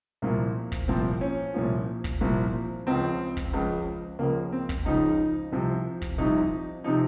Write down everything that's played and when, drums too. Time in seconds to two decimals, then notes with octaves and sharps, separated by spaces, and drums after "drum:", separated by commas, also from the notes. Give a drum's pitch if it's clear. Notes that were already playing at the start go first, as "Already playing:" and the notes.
0.22 C2 A#2 F3 A#3
0.72 drum: kick
0.88 C2 A#2 F3 C4
1.21 C#4
1.54 C2 A#2 F3
2.04 drum: kick
2.21 C2 A#2 F3
2.87 C#2 C#3 F3 C4
3.37 drum: kick
3.53 C#2 C#3 F3
4.19 C#2 C#3 F3 A#3
4.52 C4
4.69 drum: kick
4.85 C#2 C#3 F3 D#4
5.52 C2 C3 F3
6.02 drum: kick
6.18 C2 C3 F3 D#4
6.84 C3 F3 D#4